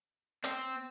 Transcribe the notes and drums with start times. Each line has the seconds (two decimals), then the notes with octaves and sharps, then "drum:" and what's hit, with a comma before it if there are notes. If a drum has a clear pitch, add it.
0.44 C4, drum: hi-hat